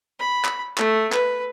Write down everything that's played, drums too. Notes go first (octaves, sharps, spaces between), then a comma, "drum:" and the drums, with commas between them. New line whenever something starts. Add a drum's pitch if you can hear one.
B5
drum: clap
A3, drum: clap
B4, drum: clap